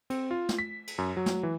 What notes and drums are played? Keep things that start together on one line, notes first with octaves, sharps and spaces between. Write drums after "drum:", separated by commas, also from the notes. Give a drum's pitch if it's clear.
C4, drum: cymbal
F4
drum: snare
B6
drum: cymbal
F#2
F#3
drum: snare
E3